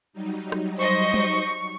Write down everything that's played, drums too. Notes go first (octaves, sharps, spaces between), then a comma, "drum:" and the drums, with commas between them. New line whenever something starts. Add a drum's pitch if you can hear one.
F#3 G3 D#4
drum: rim click
C5 D#5 C#6
drum: tom G3